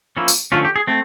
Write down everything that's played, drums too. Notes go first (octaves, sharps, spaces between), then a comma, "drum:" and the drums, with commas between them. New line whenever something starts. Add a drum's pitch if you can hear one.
F3 A#3 C#4 E4
drum: tambourine
D3 F3 A3 C#4 F4
G4
G#4
A3 C4